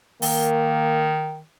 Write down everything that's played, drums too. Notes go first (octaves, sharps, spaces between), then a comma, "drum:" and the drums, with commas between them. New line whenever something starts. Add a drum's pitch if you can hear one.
D#3 A#3, drum: open hi-hat